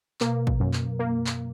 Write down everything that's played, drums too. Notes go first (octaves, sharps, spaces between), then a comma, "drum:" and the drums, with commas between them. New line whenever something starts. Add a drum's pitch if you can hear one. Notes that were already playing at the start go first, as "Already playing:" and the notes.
B2 A#3, drum: clap
drum: kick
F#2
drum: clap
A#3
drum: clap